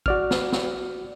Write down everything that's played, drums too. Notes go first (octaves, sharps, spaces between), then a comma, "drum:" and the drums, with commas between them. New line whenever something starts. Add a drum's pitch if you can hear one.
F#4 D5 F6, drum: kick A1
drum: snare
drum: snare